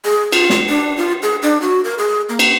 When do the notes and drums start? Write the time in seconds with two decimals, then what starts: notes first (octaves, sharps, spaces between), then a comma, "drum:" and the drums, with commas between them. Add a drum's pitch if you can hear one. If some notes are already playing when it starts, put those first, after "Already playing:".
0.05 G#4
0.32 F4, drum: cymbal
0.50 drum: snare
0.69 D4
0.97 F4
1.23 G#4
1.42 D4
1.62 F#4
1.84 A#4
1.98 G#4
2.29 A#3
2.39 drum: cymbal